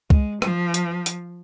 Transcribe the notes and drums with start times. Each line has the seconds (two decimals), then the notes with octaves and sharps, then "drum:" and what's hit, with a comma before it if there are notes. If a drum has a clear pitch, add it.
0.10 G#3, drum: kick C2
0.42 F3, drum: rim click
0.74 drum: hi-hat
1.06 drum: hi-hat